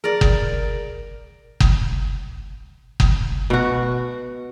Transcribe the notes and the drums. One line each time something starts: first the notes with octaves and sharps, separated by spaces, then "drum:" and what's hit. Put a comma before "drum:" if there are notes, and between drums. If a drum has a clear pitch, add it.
G#4 A#4 D5
drum: kick F#1
drum: kick F#1
drum: kick F#1
B2 F#4